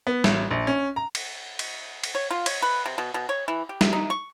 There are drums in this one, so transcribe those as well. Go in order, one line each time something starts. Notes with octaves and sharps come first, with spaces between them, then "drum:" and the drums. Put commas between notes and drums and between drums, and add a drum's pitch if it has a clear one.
B3
A1, drum: snare
A#1
C#4
A#5
drum: cymbal
drum: cymbal
drum: cymbal
C#5
F4
C#5, drum: cymbal
B4
C3
B2
B2
C#5
E3
G4
drum: snare
D#4
C#6